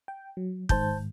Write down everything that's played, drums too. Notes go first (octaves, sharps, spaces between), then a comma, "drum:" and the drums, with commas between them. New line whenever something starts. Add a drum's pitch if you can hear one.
G5
F#3
G#2 D#3 C5 A5 G6, drum: kick